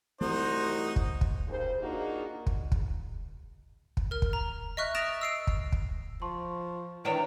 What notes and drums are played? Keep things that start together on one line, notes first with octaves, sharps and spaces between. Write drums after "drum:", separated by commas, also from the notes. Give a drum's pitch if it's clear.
C2 E3 A3 C4 D#4 F#4 C5 D#5
drum: kick
drum: kick
D#2 C#3 C5
A#3 D4 D#4 F4 F#4 G#4
drum: kick
drum: kick
drum: kick
A#4 F6
drum: kick
A#5
D#5 E5 C#6 F6 F#6
D#6 A6 A#6 D7 E7 F7
E6 C7 D7
drum: kick
drum: kick
F3 A5 C6 C#6
D#3 E3 D4 C#5 A#5 D7 E7 F7